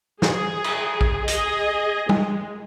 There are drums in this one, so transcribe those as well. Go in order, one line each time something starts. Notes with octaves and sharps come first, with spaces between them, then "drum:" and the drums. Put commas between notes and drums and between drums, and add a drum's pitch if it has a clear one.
G#4, drum: snare
drum: cymbal
drum: kick
G#4 D#5, drum: hi-hat
G#3, drum: tom G3